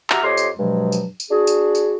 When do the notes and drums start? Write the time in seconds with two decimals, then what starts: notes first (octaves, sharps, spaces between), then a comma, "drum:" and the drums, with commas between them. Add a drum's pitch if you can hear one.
0.10 F#4 G4 E5 A#5 F6, drum: clap
0.23 F2 G4 C#5 D#5 C6
0.37 drum: tambourine
0.58 G2 B2 F3 F#3 G#3
0.92 drum: tambourine
1.20 drum: tambourine
1.30 D4 F#4 G#4
1.47 drum: tambourine
1.75 drum: tambourine